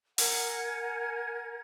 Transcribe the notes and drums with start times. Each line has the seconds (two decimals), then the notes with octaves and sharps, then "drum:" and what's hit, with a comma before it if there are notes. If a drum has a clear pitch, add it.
0.18 A#4 F#5 G#5 G#6, drum: open hi-hat